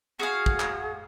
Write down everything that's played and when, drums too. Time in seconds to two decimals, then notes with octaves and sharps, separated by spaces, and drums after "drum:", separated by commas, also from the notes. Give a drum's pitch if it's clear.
0.20 F#4 G#4 F5
0.46 drum: kick
0.60 drum: clap